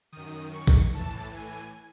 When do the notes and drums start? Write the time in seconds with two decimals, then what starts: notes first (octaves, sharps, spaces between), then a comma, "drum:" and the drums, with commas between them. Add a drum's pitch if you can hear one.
0.12 F#2 D#3 D#6
0.53 C#6
0.67 drum: kick A#1
0.95 A2 E3 A5
1.36 G#5